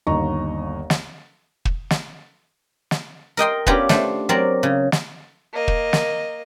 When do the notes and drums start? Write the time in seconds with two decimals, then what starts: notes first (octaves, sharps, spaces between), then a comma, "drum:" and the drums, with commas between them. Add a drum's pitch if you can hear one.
0.07 G1 D#2 D#5 A#5 C#6
0.90 drum: snare
1.65 drum: kick
1.90 drum: snare
2.91 drum: snare
3.37 A#4 D#5 G5 C6
3.66 B3 C#4 D4 F4 G4 A#5, drum: kick
3.89 A3 D4 C5, drum: snare
4.29 F#3 C4 A#4 D5
4.63 C#3
4.92 drum: snare
5.53 A#3 D#5
5.68 drum: kick
5.93 drum: snare